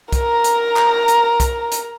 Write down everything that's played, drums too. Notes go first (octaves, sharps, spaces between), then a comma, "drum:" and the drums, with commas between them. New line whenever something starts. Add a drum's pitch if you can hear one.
A#4 A#5, drum: kick C2, hi-hat
drum: hi-hat
drum: clap
drum: hi-hat
drum: kick C2, hi-hat
drum: hi-hat